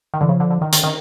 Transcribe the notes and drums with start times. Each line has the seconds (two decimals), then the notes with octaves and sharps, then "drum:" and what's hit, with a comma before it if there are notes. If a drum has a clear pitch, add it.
0.14 D#3
0.21 D3 E3
0.29 C#3 F3
0.40 D3
0.50 D3
0.61 D#3
0.72 D#3, drum: hi-hat
0.84 D#3